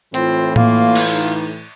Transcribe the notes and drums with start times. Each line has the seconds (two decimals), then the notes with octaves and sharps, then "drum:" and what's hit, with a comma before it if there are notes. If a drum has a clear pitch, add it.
0.14 A2 E3 C4 F4, drum: hi-hat
0.56 A#3 F4, drum: tom A2
0.95 drum: cymbal
1.13 D#4